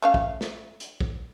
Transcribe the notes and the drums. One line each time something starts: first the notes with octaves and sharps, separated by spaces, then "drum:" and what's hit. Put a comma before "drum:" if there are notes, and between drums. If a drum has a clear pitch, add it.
A3 C#4 F5
drum: kick
drum: snare
drum: hi-hat
drum: kick